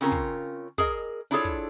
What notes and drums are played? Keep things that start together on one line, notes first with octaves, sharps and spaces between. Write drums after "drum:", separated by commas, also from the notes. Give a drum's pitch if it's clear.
C#3 C4 C#4 F4 A#4
drum: kick
G#4 A#4 D#5, drum: kick
D4 E4 F4 G#4 A4 C#5
drum: kick